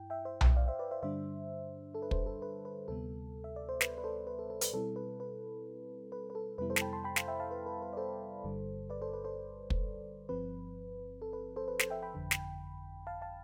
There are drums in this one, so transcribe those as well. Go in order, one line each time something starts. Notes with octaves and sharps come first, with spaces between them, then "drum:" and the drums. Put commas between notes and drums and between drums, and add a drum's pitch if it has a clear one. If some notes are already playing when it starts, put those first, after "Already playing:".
Already playing: G2 E4 G5
E5 G5
C5 E5
E5 G5, drum: tom B1
D5 F5
C5 E5
B4 D5
C5 E5
G2 D3 G3 D4 C5 E5
A4
B4
A4 C5, drum: kick
A4
B4
B4
D2 C3 G3 B3 A4
E5
D5
C5
B4, drum: snare
B4
A4 C5
B4
A4
A4
B4, drum: hi-hat
B2 G3 C4 E4 A4
B4
B4
B4
B4
A4
F2 C3 G3 B3 E4 B4
A4 C5
A5, drum: snare
G5 B5
A5 C6
G5 B5
F5 A5, drum: snare
E5 G5
F5 A5
B4
B4
B4
D5
A4 C5
G1 G2 D3 G3
B4 D5
A4 C5
B4
A4 C5
drum: kick
G1 G2 F3 C4 B4
A4
B4
A4 C5
B4
A4 C5, drum: snare
E5 G5
G5 B5
G1 F2 D3
drum: snare
F5 A5
F5 A5